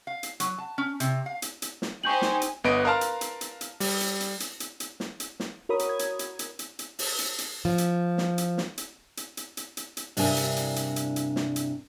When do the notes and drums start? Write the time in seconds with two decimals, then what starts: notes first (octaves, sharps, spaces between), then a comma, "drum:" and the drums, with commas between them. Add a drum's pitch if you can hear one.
0.07 F5
0.23 drum: hi-hat
0.40 F#3, drum: hi-hat
0.58 A5
0.78 C#4
1.00 C3, drum: hi-hat
1.26 F5
1.42 drum: hi-hat
1.62 drum: hi-hat
1.82 drum: snare
2.04 D#4 G4 C5 G#5 C#6 G6 F#7
2.22 drum: snare
2.42 drum: hi-hat
2.64 G1 B3 B4 D#5 D7
2.85 A#4 B4 F5 A5 C6 F6
3.01 drum: hi-hat
3.21 drum: hi-hat
3.41 drum: hi-hat
3.61 drum: hi-hat
3.80 G3, drum: open hi-hat
4.01 drum: hi-hat
4.20 drum: hi-hat
4.40 drum: hi-hat
4.60 drum: hi-hat
4.80 drum: hi-hat
5.00 drum: snare
5.20 drum: hi-hat
5.40 drum: snare
5.69 F#4 A#4 C#5 B5 D#6
5.79 drum: hi-hat
5.89 G#6
5.99 drum: hi-hat
6.19 drum: hi-hat
6.39 drum: hi-hat
6.59 drum: hi-hat
6.79 drum: hi-hat
6.99 drum: open hi-hat
7.19 drum: hi-hat
7.38 drum: hi-hat
7.65 F3
7.78 drum: hi-hat
8.18 drum: snare
8.38 drum: hi-hat
8.58 drum: snare
8.78 drum: hi-hat
9.17 drum: hi-hat
9.37 drum: hi-hat
9.57 drum: hi-hat
9.77 drum: hi-hat
9.97 drum: hi-hat
10.17 G2 C3 D4 E4 A#4 G#5, drum: open hi-hat
10.37 drum: hi-hat
10.56 drum: hi-hat
10.76 drum: hi-hat
10.96 drum: hi-hat
11.16 drum: hi-hat
11.36 drum: snare
11.56 drum: hi-hat